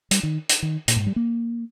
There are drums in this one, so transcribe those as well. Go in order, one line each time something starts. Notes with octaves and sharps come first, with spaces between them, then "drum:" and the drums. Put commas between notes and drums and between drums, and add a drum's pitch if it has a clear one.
G3, drum: hi-hat
D#3
drum: hi-hat
D#3
A#2, drum: hi-hat
G#2
G3
A#3